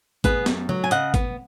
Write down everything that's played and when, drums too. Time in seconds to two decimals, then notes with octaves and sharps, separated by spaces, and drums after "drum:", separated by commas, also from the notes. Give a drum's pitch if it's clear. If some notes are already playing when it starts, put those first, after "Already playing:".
0.24 B3 G#4 B4, drum: kick, hi-hat
0.46 F#2, drum: snare
0.69 F#3, drum: tom
0.84 G#5
0.91 C#3 D#5 F#5, drum: hi-hat
1.14 B3, drum: kick, hi-hat